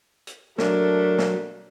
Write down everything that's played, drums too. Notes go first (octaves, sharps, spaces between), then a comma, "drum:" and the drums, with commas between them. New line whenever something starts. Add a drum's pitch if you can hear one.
drum: hi-hat
F#3 A3 D4 A#4, drum: snare
drum: snare